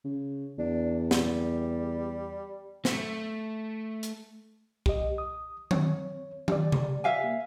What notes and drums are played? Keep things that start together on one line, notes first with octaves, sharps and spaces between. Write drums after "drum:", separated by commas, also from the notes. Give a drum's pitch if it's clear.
C#3
E2 D4
G3, drum: snare
A3, drum: snare
drum: hi-hat
G4 D#5, drum: kick C2
D#6
C4 C#5, drum: tom D#3
G4 D5, drum: tom D#3
drum: tom C3
E5 F5 G#5
A#3